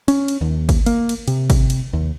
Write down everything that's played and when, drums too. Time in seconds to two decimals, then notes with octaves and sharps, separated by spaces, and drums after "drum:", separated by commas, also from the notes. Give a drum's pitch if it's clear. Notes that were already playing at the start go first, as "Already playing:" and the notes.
0.08 C#4, drum: cymbal
0.28 drum: cymbal
0.41 D#2
0.69 drum: kick, cymbal
0.86 A#3, drum: cymbal
1.09 drum: cymbal
1.28 C3, drum: cymbal
1.50 drum: kick, cymbal
1.70 drum: cymbal
1.93 D#2